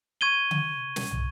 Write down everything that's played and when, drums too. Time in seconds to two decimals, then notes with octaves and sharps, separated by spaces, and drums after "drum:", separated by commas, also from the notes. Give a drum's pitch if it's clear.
0.21 C#6 G#6 D#7 G7
0.51 drum: tom C#3
0.96 drum: snare
1.11 drum: tom